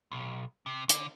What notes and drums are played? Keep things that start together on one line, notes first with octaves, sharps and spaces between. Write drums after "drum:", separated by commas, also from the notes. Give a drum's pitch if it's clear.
B1
C3
D3, drum: hi-hat